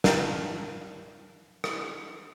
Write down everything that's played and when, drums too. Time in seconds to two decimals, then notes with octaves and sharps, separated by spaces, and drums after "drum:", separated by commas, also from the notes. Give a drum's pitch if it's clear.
0.04 A#4 F5 G5 A5, drum: snare
1.64 drum: rim click